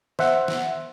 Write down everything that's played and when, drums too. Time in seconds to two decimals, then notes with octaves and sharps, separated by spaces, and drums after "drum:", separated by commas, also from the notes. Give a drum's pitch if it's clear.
0.19 C5 E5 F#5, drum: snare
0.48 drum: snare